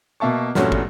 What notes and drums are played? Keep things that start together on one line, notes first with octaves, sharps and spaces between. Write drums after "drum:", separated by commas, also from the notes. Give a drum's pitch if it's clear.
B2 A#3 E5 A5 C#6
E2 G2 A#2 F#3 A3 C#4, drum: snare
drum: kick